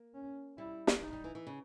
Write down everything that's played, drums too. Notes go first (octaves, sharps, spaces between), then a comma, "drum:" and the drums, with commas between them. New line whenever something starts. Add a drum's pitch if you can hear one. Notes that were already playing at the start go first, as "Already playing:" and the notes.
Already playing: A#3
C#4
G3 E4
drum: snare
G3 D#4
G3
E3
E3
C#3